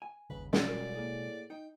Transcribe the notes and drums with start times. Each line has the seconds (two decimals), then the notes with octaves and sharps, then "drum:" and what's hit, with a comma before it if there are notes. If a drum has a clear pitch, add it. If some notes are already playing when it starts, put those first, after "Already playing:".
0.02 G#5
0.30 G1 D#2 C#3 B4
0.53 B2 F#3 G#3 D5, drum: snare
0.69 F#2 G3 F4 A#4
0.95 A2 A#3 G#4
1.50 D#4 G5